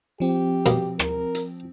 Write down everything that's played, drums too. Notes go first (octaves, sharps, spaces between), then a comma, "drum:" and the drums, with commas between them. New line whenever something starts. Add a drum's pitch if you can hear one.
F3 C4 G4
B2 A#3, drum: hi-hat
A#4, drum: rim click
drum: hi-hat